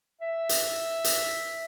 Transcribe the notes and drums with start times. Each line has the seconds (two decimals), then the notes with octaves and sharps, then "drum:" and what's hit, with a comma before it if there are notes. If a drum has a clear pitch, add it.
0.22 E5
0.49 drum: hi-hat
1.04 drum: hi-hat